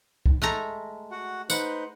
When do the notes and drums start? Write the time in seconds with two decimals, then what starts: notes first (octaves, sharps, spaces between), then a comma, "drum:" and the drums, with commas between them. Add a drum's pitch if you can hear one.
0.26 drum: kick C2
0.42 G#3 A3 A#5
1.11 F#4 F#5
1.50 D#4 B4 C5 F#5, drum: tambourine